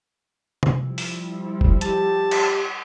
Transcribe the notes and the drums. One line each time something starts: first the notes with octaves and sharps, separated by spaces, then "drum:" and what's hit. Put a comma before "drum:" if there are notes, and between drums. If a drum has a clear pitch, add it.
drum: tom C3
F3 G3 E4
drum: open hi-hat
drum: kick F1
G4 A5, drum: hi-hat
drum: cymbal